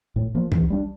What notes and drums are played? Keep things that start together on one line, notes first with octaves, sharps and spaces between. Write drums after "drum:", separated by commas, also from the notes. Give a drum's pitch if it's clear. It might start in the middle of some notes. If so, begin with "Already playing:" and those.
A2
F3 A#3
E3, drum: kick
G3 D4